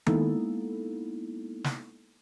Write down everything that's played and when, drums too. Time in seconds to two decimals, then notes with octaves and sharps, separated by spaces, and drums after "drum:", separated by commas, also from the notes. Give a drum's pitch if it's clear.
0.06 G#3 A#3 B3 D#4 E4 A4, drum: tom D#3
1.64 drum: snare